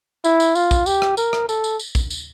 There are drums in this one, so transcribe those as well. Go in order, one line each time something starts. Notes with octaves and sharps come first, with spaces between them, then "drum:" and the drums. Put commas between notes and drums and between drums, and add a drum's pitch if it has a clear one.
E4, drum: tambourine
drum: tambourine
F4, drum: tambourine
drum: kick, tambourine
G4, drum: tambourine
drum: rim click
A#4, drum: tambourine
drum: rim click
A4, drum: tambourine
drum: tambourine
drum: tambourine
drum: kick, tambourine
drum: tambourine